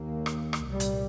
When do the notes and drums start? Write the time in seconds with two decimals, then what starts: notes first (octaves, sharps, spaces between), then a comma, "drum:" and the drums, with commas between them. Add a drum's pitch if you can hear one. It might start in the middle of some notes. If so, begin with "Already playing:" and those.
Already playing: D#2 A#3
0.26 drum: rim click
0.53 drum: rim click
0.66 C2 A#2 G3
0.80 drum: hi-hat